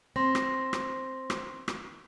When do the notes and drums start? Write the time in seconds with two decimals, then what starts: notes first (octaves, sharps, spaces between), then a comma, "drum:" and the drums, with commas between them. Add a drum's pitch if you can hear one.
0.16 C4 C6 A#6
0.35 drum: rim click
0.73 drum: rim click
1.30 drum: rim click
1.68 drum: rim click